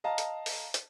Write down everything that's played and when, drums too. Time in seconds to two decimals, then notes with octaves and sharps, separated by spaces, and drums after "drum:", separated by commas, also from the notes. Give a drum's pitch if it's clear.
0.04 D#5 F5 A5 A#5
0.18 drum: hi-hat
0.46 drum: open hi-hat
0.74 drum: hi-hat